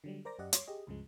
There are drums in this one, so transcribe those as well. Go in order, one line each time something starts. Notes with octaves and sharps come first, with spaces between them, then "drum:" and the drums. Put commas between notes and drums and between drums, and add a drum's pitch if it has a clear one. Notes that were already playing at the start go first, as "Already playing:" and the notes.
D3 F#3 G3
A#4 C5 D5 A#5 D6 A#6
F#2 G4 D5 D#5 F#5
C#5 C6 D6, drum: hi-hat
G4 G#4 D#5
C#2 G2 C#3 F3 G#3